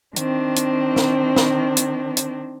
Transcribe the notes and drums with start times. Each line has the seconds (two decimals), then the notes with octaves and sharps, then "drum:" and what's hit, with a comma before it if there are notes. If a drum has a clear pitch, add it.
0.16 D#3 C4 D4, drum: hi-hat
0.56 drum: hi-hat
0.96 drum: snare
1.36 drum: snare
1.77 drum: hi-hat
2.17 drum: hi-hat